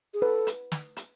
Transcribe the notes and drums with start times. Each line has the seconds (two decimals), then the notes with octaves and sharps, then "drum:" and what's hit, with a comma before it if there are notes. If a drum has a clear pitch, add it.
0.14 G#4
0.22 A4 B4
0.47 drum: hi-hat
0.72 drum: snare
0.96 drum: hi-hat